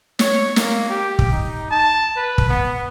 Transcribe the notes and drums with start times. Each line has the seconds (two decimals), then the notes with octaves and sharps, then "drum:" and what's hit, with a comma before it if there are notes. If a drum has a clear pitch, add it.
0.19 C#5, drum: snare
0.56 A#3, drum: snare
0.89 G4
1.19 drum: kick
1.32 D#4
1.71 A5
2.16 B4
2.38 drum: kick
2.49 B3